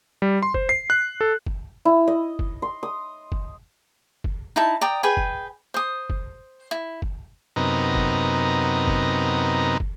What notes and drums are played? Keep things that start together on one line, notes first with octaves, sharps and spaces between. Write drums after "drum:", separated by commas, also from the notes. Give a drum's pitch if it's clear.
G3
C6
C5, drum: kick
C7
F#6
A4
drum: kick
E4
D#5
drum: kick
C6
D#6
drum: kick
drum: kick
D#4 E4 A5
D5 G5 A#5 D#6
G#4 B4 G5 G#5
drum: kick
C5 D#6
drum: kick
E4
drum: kick
F#2 C3 B3 D#4 A#4
drum: kick
drum: kick
drum: kick